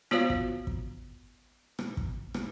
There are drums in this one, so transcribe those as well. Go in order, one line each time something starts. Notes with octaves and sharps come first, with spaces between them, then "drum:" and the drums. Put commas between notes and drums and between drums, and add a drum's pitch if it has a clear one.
B3 F4 F#4 C5 C#5 F5, drum: rim click
drum: kick
drum: kick
drum: rim click
drum: kick
drum: rim click